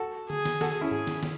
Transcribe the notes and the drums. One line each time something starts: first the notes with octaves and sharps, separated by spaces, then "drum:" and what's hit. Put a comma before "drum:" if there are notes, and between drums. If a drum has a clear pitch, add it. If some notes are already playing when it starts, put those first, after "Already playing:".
Already playing: F#4 A4
G#4, drum: tom D3
drum: snare
F#4 A4, drum: snare
C#4 E4
G#4, drum: tom G#2
drum: snare
drum: snare